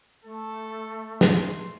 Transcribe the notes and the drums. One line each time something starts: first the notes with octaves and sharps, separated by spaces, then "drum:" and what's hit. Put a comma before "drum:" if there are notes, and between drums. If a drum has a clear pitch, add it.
A3 A4
C6, drum: snare